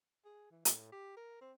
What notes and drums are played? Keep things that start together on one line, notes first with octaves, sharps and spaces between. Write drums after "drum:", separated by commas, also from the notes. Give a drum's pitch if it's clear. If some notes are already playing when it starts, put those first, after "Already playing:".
G#4
E3
A2, drum: hi-hat
G4
A#4
C4